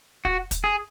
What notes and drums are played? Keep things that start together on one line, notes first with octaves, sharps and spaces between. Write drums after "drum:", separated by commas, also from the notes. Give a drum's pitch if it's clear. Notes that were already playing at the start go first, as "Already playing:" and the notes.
F#4, drum: kick
drum: kick, hi-hat
G#4